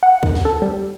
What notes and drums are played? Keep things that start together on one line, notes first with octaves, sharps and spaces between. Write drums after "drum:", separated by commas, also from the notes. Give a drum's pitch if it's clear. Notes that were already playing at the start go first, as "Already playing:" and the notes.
F#5
D#3, drum: kick C#2
drum: snare
A4
G3